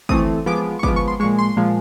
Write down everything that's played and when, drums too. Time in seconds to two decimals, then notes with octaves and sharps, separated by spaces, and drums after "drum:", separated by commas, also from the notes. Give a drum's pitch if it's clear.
0.09 E3 A3 C4 D#6, drum: kick
0.46 F3 G#3 B3 D6
0.79 C#6
0.83 F3 G#3 B3 D6, drum: kick
0.96 C#6
1.08 C6
1.20 A#2 F3 G#3 C#6
1.38 C6
1.57 A#2 F3 G#3